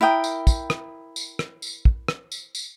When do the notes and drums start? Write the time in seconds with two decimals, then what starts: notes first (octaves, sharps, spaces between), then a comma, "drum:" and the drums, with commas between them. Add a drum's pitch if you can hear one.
0.01 E4 A#4 G5 D#6
0.24 drum: tambourine
0.47 drum: kick, tambourine
0.70 drum: rim click
1.16 drum: tambourine
1.39 drum: rim click
1.62 drum: tambourine
1.85 drum: kick
2.08 drum: rim click
2.32 drum: tambourine
2.55 drum: tambourine